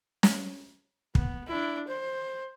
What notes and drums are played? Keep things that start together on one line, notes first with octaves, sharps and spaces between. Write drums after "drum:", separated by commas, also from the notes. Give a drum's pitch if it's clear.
drum: snare
B3, drum: kick
D4 E4
C5